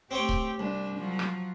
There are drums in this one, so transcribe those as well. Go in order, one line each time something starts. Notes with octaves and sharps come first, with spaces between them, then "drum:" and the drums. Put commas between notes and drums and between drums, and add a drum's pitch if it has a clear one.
A3 C4 G4 C#5 G5
drum: kick C#1
C2 D4
F3 F#3
drum: rim click